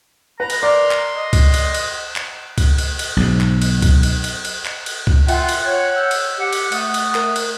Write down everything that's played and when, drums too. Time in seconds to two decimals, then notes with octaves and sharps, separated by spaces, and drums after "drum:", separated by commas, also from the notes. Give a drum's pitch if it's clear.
0.40 B4 A#5
0.50 drum: cymbal
0.63 A#4 D5 C6
0.91 drum: clap
1.17 D#5
1.33 drum: kick C#2, cymbal
1.54 drum: cymbal
1.74 drum: cymbal
2.16 drum: clap
2.58 drum: kick C#2, cymbal
2.78 drum: cymbal
2.99 drum: cymbal
3.17 B1 G#2
3.41 drum: clap
3.62 drum: cymbal
3.82 drum: kick C#2, cymbal
4.03 drum: cymbal
4.24 drum: cymbal
4.45 drum: cymbal
4.65 drum: clap
4.86 drum: cymbal
5.07 drum: kick C#2
5.28 F4 E5 F#5 G5 C6, drum: cymbal
5.49 drum: cymbal
5.65 C#5 G5
5.96 E6 G6
6.11 drum: cymbal
6.38 G4 F#5
6.53 drum: cymbal
6.72 A3 F#5 D#6, drum: cymbal
6.94 drum: cymbal
7.15 A#4, drum: clap
7.36 drum: cymbal